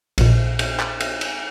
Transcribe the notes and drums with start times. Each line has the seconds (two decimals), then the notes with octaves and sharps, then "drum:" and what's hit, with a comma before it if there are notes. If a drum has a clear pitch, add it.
0.18 A#1 A#2, drum: cymbal
0.59 drum: cymbal
0.80 drum: clap
1.00 drum: cymbal
1.21 drum: cymbal